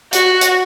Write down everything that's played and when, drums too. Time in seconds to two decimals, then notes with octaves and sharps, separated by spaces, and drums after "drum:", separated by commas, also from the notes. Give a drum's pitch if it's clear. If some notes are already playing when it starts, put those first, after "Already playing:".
0.13 F#4, drum: hi-hat
0.41 drum: hi-hat